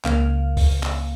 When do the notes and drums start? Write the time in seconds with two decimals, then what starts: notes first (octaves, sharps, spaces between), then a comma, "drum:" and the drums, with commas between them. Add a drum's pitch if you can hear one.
0.05 C#2 C#3 A#3 F5, drum: clap
0.57 drum: kick, open hi-hat
0.83 drum: clap